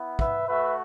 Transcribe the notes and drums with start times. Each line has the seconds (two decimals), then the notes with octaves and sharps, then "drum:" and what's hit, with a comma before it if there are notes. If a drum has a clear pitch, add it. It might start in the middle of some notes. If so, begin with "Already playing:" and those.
Already playing: B3 E4
0.19 B4 E5, drum: kick
0.48 A3 F#4 B4 E5